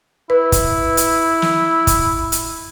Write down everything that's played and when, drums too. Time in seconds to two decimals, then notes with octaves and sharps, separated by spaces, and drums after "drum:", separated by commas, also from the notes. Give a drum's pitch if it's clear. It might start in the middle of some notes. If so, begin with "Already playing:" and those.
0.30 E4 B4
0.52 drum: kick, hi-hat
0.97 drum: hi-hat
1.42 drum: snare
1.87 drum: kick, hi-hat
2.32 drum: hi-hat